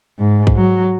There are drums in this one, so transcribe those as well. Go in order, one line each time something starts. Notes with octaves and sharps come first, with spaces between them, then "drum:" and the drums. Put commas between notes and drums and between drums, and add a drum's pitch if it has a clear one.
G#2
drum: kick
F#3